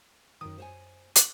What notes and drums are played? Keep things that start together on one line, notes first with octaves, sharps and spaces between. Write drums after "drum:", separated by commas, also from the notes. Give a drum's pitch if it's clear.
F#2 D#3 D#6
C5 C#5 G#5
D6 F#6, drum: hi-hat